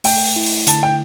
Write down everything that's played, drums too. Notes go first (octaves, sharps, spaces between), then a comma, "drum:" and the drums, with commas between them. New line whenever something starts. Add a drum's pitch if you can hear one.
A3 G5, drum: open hi-hat
drum: open hi-hat
E4
drum: open hi-hat
D3 A5, drum: hi-hat
G5